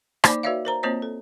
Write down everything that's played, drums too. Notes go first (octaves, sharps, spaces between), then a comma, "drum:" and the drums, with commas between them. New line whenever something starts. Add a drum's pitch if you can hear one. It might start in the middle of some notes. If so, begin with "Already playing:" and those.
A#3 D#4 C5 D5 B5 D6, drum: rim click
F#4 B4 C#5 D5 E5 F5
A#4 C5 A#5
A#3 C4 F4 C5 C#5 D#5
A4